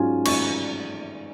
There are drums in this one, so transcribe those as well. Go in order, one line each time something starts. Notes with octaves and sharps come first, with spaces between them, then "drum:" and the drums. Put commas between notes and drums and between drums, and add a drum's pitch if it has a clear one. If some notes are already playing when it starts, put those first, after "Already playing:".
Already playing: G#2 F#3 C#4 F4 G#5
C#6, drum: cymbal